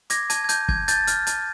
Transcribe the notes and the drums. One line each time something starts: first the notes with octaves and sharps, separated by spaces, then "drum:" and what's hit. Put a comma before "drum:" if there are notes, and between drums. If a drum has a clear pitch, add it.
D6 G#6 A#6, drum: hi-hat
A5 G#6, drum: hi-hat
G#6
A5 G6, drum: hi-hat
A5 G#6, drum: kick
A5 G6 A6, drum: hi-hat
F6, drum: hi-hat
A5, drum: hi-hat